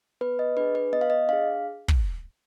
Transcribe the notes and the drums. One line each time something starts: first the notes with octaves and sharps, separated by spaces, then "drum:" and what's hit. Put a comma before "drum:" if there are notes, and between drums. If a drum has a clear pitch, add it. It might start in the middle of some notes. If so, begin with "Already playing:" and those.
B3 B4
D#5
D4 G#4 B4
B4
B3 D#5
F5
D#5
D4 G#4 F5
drum: kick